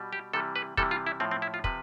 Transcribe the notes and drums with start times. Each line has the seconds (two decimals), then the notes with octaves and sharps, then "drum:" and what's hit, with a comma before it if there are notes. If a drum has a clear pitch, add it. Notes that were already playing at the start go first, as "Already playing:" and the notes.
Already playing: B2 G3
0.13 G4
0.33 C3 E3 G3 A4
0.56 B4
0.77 C3 E3 G3 A4, drum: kick
0.91 F4
1.07 E4
1.20 A2 F3 C4
1.31 C4
1.42 E4
1.54 F4
1.64 C3 F3 B4, drum: kick